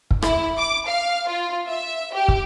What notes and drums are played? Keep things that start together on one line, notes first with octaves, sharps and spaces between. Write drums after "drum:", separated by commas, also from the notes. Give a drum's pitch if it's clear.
drum: kick
E4, drum: rim click
D6
F5
F4
E5
G4
drum: kick